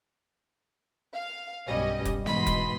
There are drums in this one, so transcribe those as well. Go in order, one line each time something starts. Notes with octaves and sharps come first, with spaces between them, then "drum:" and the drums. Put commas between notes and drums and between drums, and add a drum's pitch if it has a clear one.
F5
B1 G2 G3 C#4 D#5
drum: kick F1, hi-hat
G#2 B2 E3 D#5 B5 C6, drum: snare
drum: kick F1, hi-hat